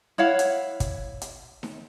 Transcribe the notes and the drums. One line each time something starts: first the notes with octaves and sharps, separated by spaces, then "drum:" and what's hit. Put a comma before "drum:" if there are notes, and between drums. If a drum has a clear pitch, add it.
E4 C#5 F5 F#5
drum: hi-hat
drum: kick, hi-hat
drum: hi-hat
drum: snare D#4